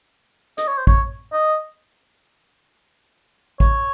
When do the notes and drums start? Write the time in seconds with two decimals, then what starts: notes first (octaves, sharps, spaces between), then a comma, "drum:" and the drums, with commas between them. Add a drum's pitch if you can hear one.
0.58 D#5, drum: hi-hat
0.67 C#5
0.78 C5
0.87 C#5, drum: kick
1.33 D#5
3.60 C#5, drum: kick